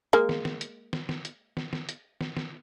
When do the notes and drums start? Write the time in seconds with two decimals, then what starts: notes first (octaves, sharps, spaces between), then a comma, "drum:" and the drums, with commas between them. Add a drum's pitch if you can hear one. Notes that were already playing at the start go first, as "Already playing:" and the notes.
0.13 G#3 A#3
0.29 drum: snare
0.45 drum: snare
0.61 drum: hi-hat
0.93 drum: snare
1.09 drum: snare
1.25 drum: hi-hat
1.57 drum: snare
1.73 drum: snare
1.89 drum: hi-hat
2.21 drum: snare
2.37 drum: snare